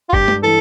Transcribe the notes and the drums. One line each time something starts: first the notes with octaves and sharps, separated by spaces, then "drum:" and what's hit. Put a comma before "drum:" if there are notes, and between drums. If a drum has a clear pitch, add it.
F4
G2 G4, drum: kick
drum: tom G#3
E3 A4